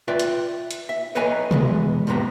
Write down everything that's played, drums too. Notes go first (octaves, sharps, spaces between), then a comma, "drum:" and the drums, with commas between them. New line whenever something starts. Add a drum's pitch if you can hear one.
F4 B4 D5 E5 G5
drum: hi-hat
drum: hi-hat
E5
A4 B4 C#5 D#5 G#5 A#5
E2 G#3 B3, drum: tom B2
F2 A2 C3 B3 A#5